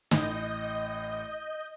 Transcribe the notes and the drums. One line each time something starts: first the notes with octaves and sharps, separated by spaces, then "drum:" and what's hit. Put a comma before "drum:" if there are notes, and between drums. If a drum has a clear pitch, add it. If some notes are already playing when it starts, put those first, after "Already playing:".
A1 D#5 G6, drum: snare